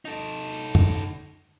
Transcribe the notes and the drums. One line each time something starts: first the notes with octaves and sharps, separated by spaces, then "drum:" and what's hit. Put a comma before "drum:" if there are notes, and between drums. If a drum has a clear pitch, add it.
D#4 A4
drum: tom F#2